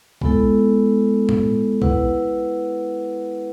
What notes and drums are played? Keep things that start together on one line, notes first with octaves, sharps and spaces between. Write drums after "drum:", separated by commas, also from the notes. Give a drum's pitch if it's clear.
G#3 B3 E4 A4, drum: kick A#1
drum: tom
E4 B4 F#5, drum: kick A#1